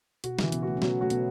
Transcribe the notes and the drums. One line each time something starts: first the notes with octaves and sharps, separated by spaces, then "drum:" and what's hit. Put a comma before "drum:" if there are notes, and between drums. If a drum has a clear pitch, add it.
B2 F#4, drum: hi-hat
C#3 E3, drum: snare
B2 B3, drum: hi-hat
A3 F#4
C#4
B2 F#3 B3, drum: snare
A3 F#4
B2 B3, drum: hi-hat